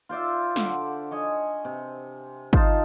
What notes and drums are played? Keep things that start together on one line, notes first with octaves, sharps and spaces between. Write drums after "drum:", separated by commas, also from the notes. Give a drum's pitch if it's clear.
F4 C5 D5 E5
D3 F#5 D6, drum: snare
C#5 D#5 G#5
C3
D#4 F4 A5, drum: kick